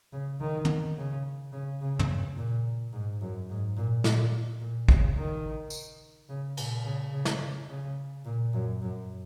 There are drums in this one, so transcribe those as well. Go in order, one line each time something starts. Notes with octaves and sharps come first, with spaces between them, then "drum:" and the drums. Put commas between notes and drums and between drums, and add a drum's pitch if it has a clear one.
C#3
D#3
drum: tom
C#3
C#3
C#3
drum: tom
A#2
G#2
F#2
G#2
A#2
A#2, drum: snare
A#2
C#3, drum: kick
D#3
drum: tambourine
C#3
A#2, drum: cymbal
C#3
C#3
drum: snare
C#3
A#2
F#2
F#2